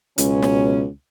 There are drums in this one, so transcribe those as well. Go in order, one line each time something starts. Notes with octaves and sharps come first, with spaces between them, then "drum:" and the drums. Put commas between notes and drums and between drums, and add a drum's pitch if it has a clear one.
C#2 B2 F#3 C#4, drum: hi-hat
drum: snare